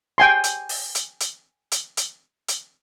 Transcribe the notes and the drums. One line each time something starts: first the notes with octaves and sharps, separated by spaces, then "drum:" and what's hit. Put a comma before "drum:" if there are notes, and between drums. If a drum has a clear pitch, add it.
G5 G#5 C6
drum: hi-hat
drum: open hi-hat
drum: hi-hat
drum: hi-hat
drum: hi-hat
drum: hi-hat
drum: hi-hat